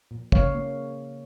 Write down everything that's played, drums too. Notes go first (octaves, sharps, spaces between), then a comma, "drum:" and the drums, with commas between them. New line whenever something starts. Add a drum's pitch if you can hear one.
A#2
C#3 C#5 F5, drum: kick
A#3